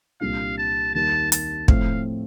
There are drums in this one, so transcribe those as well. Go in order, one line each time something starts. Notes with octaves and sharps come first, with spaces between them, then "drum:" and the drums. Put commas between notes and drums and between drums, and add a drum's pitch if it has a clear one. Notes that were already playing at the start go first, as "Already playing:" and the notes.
C2 A#2 G3 D4 F4 F5
A5
D#2 D#3 G3 A#3 D#4 A5
A5, drum: hi-hat
A2 F3 A3 C4 F5, drum: kick